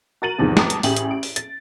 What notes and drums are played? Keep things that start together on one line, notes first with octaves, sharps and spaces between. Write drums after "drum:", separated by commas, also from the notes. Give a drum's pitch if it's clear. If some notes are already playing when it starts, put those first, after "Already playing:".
F#4 A#4 A6 D#7 F#7
E2 G#2 C3 D#3 F3
A5 A#5 D6 D#6, drum: snare
drum: hi-hat
A1 G4 G#4 F#7, drum: open hi-hat
drum: hi-hat
D7
drum: open hi-hat
A6, drum: hi-hat